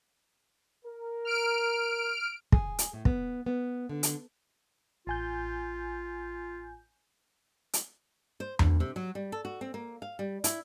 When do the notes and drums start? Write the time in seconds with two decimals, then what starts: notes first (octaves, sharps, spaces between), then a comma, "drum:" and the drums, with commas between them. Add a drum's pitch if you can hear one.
0.85 A#4
1.25 F6 D7
2.52 G#4, drum: kick
2.79 drum: hi-hat
2.93 A2
3.05 B3, drum: kick
3.46 B3
3.89 D3
4.03 drum: hi-hat
5.07 A1 F4 G#5 G6
7.73 drum: hi-hat
8.40 C5
8.59 D2, drum: tom E2
8.80 C3
8.96 F#3
9.15 G3
9.32 A4
9.45 F#4
9.61 C4
9.74 A#3
10.02 F5
10.19 G3
10.44 E4, drum: hi-hat